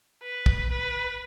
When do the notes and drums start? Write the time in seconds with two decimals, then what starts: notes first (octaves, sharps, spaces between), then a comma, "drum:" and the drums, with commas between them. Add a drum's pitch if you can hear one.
0.22 B4
0.46 drum: kick
0.70 B4